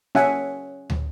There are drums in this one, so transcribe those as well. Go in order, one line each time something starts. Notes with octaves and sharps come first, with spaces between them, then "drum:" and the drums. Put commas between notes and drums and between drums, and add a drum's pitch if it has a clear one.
C#4 E5 F#5 G#5, drum: snare A#3
drum: tom